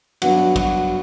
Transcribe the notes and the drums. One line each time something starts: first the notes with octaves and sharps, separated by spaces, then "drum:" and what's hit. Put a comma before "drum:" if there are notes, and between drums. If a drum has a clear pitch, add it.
G2 F#3 B3 D4 F#4 F#5, drum: cymbal
F#4 F#5, drum: kick, cymbal